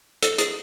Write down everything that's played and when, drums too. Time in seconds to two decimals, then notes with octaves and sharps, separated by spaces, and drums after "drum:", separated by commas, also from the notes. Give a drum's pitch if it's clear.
0.23 A4, drum: hi-hat
0.38 G#4, drum: hi-hat